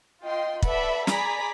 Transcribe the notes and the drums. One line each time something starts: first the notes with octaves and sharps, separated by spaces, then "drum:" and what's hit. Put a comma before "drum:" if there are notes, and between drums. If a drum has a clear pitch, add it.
F4 D#5 G5 C6
A4 B4 D5 E5 F#5 B5, drum: kick
G#4 D5 G#5 A#5 B5 B6, drum: snare